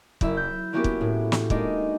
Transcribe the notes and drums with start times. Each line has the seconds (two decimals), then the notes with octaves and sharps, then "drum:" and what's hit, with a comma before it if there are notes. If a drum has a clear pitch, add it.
0.21 F#1 E4 E5, drum: kick
0.37 G6
0.73 A#3 B3 C#4 E4 F#4 G4
0.84 drum: kick
1.01 A2
1.32 drum: snare
1.50 G#3 A#3 D4 D#4, drum: kick